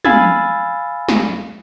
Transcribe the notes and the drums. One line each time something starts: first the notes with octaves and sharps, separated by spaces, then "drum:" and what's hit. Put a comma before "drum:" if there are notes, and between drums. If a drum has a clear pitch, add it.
F5 G#5 B5 E6 G#6 A6, drum: tom
drum: snare